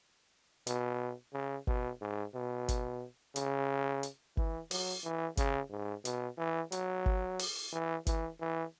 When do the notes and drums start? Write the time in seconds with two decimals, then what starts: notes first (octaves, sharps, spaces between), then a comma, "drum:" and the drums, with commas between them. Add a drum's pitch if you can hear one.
0.67 B2, drum: hi-hat
1.34 C#3
1.67 B2, drum: kick G#1
2.01 G#2
2.35 B2
2.68 drum: kick G#1, hi-hat
3.36 C#3, drum: hi-hat
4.03 drum: hi-hat
4.37 E3, drum: kick G#1
4.71 F#3, drum: open hi-hat
5.04 E3
5.37 C#3, drum: kick G#1, hi-hat
5.71 G#2
6.05 B2, drum: hi-hat
6.38 E3
6.72 F#3, drum: hi-hat
7.06 drum: kick G#1
7.39 drum: open hi-hat
7.73 E3
8.07 E3, drum: kick G#1, hi-hat
8.40 E3